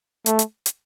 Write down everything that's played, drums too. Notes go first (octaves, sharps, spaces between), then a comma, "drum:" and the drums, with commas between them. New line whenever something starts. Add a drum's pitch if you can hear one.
A3, drum: hi-hat
drum: hi-hat
drum: hi-hat